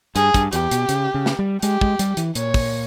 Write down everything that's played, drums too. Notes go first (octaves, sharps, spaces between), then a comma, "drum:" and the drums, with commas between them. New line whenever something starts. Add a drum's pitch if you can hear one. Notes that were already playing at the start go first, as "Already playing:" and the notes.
G2 G#4, drum: hi-hat
G2, drum: kick, hi-hat
E2 G4, drum: hi-hat
B2, drum: hi-hat
C#3, drum: hi-hat
C#3
drum: snare
G3
G#3 G4, drum: hi-hat
G#3, drum: kick
G3, drum: hi-hat
E3, drum: hi-hat
A#2 C#5, drum: hi-hat
drum: kick, open hi-hat